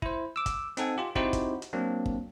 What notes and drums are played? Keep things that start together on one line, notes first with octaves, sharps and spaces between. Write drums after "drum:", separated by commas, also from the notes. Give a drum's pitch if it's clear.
E4 C5, drum: kick
D6 E6
drum: kick, hi-hat
C4 D#4 A4 F#5 G#5, drum: hi-hat
F4 G4
C4 D#4 E4 F#4 G4 C5, drum: kick
drum: kick, hi-hat
drum: hi-hat
F#3 A#3 C4 D4
drum: kick